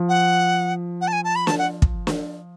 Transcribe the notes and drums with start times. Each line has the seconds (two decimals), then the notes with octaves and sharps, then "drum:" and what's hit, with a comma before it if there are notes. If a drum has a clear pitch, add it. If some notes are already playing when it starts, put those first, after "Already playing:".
Already playing: F3
0.09 F#5
1.01 F#5
1.08 A5
1.13 G#5
1.24 A5
1.36 B5
1.47 A5, drum: snare
1.59 F#5
1.82 drum: kick
2.07 drum: snare